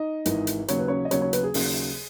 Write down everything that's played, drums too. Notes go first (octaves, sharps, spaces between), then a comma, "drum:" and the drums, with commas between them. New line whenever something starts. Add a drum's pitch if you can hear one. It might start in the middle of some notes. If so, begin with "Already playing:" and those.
Already playing: D#4 D#5
G#1 G#2 E3, drum: hi-hat
drum: hi-hat
D#2 C#3 F#3 C#5, drum: hi-hat
B4
C#4 C#5
D#5
D#2 C#3 F#3 C#4 C#5, drum: hi-hat
C#4 C#5
B3 B4, drum: hi-hat
G#4
D#2 C#3 F#3, drum: open hi-hat